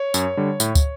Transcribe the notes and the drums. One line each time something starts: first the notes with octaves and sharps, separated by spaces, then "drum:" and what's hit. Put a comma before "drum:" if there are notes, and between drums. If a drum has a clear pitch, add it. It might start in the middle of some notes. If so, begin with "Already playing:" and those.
Already playing: C#5
F#2, drum: tambourine
D3 G3
A2, drum: tambourine
drum: kick, tambourine